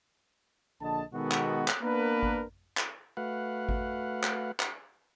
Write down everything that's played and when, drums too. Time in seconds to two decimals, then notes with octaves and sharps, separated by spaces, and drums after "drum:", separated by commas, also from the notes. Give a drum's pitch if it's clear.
0.81 A#1 D3 D#5 A5
1.13 B2 D#3 G#3 B3 F#4 A4
1.31 drum: clap
1.68 drum: clap
1.82 A#3 B3 D4 A#4 B4
2.23 drum: kick G#1
2.77 drum: clap
3.17 A3 F#4 B4 F5 F#5
3.69 drum: kick G#1
4.23 drum: clap
4.60 drum: clap